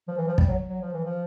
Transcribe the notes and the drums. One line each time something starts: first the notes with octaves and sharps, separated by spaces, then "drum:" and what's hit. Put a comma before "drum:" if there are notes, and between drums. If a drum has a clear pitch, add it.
F3
E3
F3
G3, drum: kick
F#3
F#3
F3
E3
F3